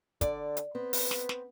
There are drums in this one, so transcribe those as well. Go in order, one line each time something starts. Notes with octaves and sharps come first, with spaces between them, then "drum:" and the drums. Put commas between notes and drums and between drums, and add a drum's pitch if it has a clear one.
D3 D5, drum: kick, hi-hat
drum: hi-hat
B3 C4
drum: open hi-hat
drum: snare
drum: snare